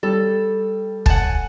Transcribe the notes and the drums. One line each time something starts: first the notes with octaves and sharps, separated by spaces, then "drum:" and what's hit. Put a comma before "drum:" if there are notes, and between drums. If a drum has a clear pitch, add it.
G3 A4
F#5 G#5 A5, drum: kick